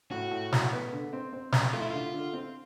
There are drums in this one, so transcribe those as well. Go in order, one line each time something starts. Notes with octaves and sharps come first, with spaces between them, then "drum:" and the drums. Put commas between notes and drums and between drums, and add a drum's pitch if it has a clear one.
A2 F#4
A2
A2, drum: snare
B3
D3
C4
C4
C4, drum: snare
A3 F4
E4
D3 F4
D3
C4